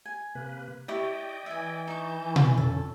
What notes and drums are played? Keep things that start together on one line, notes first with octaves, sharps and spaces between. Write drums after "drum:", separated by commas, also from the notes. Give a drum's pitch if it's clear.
G#5
C3 A#3 B4
E4 G4 D5 D#5 G5 C#6
E3 E5 G#5
D#4 A5 C#6 G6
drum: tom B2
F2 D3 C#4 A4